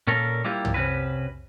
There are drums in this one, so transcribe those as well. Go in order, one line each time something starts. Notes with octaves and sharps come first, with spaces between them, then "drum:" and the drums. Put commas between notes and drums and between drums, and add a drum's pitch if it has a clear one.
A#2 C#4 A4 A#4
G3 A#3 E4 F4 G4
drum: tom
C3 C#4 F#4 B4